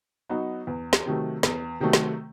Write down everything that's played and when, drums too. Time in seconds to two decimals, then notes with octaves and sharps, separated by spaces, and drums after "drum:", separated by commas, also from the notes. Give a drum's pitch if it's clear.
0.29 F#3 B3 D#4 F#4
0.67 E2
0.93 drum: snare
1.06 C3 D#3 F#3 A3
1.43 E2, drum: snare
1.80 C3 D#3 F#3 A3
1.93 drum: snare